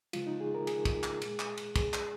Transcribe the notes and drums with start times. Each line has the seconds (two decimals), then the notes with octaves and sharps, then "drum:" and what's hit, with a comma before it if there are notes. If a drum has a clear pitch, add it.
0.13 C#3 F3 G#3 F4, drum: cymbal
0.27 D#4
0.40 G#4
0.54 A#4
0.67 G#4, drum: cymbal
0.85 drum: kick, cymbal
1.03 drum: clap
1.22 A#2 G#3, drum: cymbal
1.39 drum: clap
1.57 drum: cymbal
1.76 G#4, drum: kick, cymbal
1.94 drum: clap